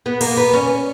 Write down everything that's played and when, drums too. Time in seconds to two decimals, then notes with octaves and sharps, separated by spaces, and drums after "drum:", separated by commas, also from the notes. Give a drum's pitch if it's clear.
0.06 B3
0.21 A#3, drum: cymbal
0.37 B3
0.53 C#4